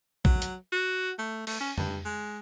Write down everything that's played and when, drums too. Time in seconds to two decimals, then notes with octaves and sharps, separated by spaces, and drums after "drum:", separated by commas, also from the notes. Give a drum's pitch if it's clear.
0.25 F#3, drum: kick A#1
0.42 drum: hi-hat
0.72 F#4
1.19 A3
1.47 A3, drum: cymbal
1.60 C#4
1.78 G2, drum: tom
2.05 G#3